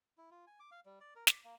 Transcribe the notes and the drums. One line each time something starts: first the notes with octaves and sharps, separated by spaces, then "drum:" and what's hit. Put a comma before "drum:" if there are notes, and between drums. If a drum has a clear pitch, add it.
E4
F4
G#5
D6
F5
G3
D5
A#4
D6, drum: snare
A#3